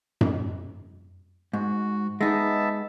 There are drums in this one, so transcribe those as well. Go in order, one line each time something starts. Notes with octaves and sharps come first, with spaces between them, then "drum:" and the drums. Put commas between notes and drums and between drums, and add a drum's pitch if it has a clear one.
drum: tom F#2
G#2 F#4
G#3 B3 D#4 E5 A5